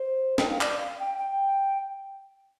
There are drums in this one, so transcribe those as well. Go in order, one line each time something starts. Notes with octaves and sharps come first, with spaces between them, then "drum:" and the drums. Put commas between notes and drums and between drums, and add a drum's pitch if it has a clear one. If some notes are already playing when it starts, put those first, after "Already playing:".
Already playing: C5
G5, drum: snare
F5
D5, drum: clap
F5
G5
G5